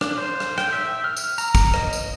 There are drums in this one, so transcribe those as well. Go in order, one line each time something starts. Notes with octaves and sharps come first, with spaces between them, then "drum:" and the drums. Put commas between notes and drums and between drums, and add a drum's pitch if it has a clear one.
D4, drum: rim click
C5
drum: rim click
G5, drum: rim click
E5
F6
drum: tambourine
A#5, drum: tambourine
drum: kick, tambourine
D#5, drum: rim click
drum: tambourine